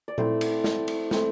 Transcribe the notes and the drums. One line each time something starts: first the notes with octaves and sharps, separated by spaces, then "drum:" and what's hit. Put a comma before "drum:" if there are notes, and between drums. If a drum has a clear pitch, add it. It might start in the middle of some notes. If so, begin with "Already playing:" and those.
D5
A3 C4 E4 C5, drum: tom A#2
drum: cymbal
drum: snare
drum: cymbal
A3 C4 E4, drum: snare